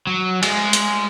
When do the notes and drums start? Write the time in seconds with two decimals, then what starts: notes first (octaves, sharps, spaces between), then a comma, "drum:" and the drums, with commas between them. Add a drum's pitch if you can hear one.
0.07 F#3
0.43 G#3, drum: cymbal
0.73 drum: hi-hat